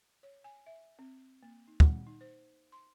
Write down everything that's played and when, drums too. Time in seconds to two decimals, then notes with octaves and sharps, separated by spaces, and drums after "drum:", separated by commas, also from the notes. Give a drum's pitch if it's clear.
0.23 C#5
0.44 G#5
0.66 E5
0.99 C4
1.43 A#3
1.68 D#4
1.80 F#5, drum: kick
2.07 D#4
2.21 C5
2.72 C6